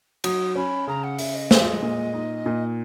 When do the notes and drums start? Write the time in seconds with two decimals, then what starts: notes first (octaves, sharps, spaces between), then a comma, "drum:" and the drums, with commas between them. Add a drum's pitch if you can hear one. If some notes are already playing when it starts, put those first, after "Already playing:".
0.24 F#3 D#6, drum: cymbal
0.55 C#4 B5
0.87 C#3 A#5
1.03 F#5
1.19 C#3 E5, drum: open hi-hat
1.35 D#5
1.51 G#3, drum: snare
1.82 A#2
2.14 D#4
2.46 A#2